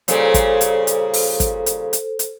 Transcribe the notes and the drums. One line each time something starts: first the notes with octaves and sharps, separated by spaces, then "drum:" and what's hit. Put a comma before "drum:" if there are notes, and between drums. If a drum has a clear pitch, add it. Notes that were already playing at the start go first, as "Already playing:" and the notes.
A#2 C#3 G3 A4 C5, drum: hi-hat
drum: kick, hi-hat
drum: hi-hat
drum: hi-hat
drum: open hi-hat
drum: kick, hi-hat
drum: hi-hat
drum: hi-hat
drum: hi-hat